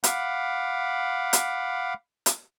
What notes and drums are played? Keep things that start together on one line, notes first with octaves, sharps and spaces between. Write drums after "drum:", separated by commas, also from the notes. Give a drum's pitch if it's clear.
F5 F#5 B5 D6, drum: hi-hat
drum: hi-hat
drum: hi-hat